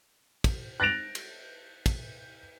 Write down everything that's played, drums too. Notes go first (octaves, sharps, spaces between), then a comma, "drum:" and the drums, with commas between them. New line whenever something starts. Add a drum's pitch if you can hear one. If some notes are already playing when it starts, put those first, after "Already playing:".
drum: kick, cymbal
F#6 A6 A#6 D7 F7
drum: cymbal
drum: kick, cymbal